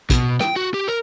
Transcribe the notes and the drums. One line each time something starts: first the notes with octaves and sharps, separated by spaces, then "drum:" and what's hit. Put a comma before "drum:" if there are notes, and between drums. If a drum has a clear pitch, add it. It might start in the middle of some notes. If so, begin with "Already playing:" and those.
B2, drum: kick, hi-hat
G5, drum: rim click
F#4
G4
A#4